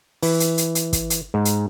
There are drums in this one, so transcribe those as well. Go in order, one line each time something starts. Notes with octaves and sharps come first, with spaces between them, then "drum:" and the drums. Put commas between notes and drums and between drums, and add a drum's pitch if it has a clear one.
E3, drum: open hi-hat
drum: hi-hat
drum: hi-hat
drum: hi-hat
drum: kick, hi-hat
drum: hi-hat
G#2
drum: hi-hat